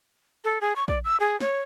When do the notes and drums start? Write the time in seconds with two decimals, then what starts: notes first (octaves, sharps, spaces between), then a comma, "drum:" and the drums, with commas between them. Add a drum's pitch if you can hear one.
0.44 A4
0.61 G#4
0.76 C#6
0.88 D5, drum: kick
1.04 E6
1.20 G#4
1.40 C#5, drum: snare